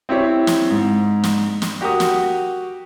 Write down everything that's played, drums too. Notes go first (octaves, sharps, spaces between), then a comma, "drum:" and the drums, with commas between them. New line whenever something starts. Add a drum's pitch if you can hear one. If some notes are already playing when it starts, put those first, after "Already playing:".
C4 E4 G4 C#5
drum: snare
G#2
drum: snare
drum: snare
F#4 G4 A#4 F#5 D#6
drum: snare